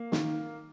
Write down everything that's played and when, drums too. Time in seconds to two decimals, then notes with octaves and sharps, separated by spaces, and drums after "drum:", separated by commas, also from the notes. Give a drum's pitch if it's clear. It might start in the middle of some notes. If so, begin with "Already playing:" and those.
Already playing: A#3
0.12 D#3, drum: snare